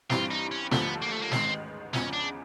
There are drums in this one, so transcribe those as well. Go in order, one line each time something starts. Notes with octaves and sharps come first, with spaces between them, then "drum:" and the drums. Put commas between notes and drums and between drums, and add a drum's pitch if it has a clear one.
G2 E3 G3 C4 F4, drum: snare
D#4
C#4
D#2 D3 F3 A3 B3, drum: snare
A#3
A3
A#3
A1 G#2 D#3 G#3 C4, drum: snare
E2 C#3 F3 G#3 C#4, drum: snare
D4